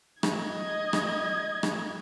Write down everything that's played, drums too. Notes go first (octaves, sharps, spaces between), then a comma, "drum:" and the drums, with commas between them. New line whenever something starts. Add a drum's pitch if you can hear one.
D#5 G#6, drum: rim click
drum: rim click
drum: rim click